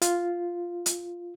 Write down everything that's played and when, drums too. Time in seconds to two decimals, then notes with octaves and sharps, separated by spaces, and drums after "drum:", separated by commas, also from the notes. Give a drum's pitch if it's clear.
0.02 F4, drum: hi-hat
0.86 drum: hi-hat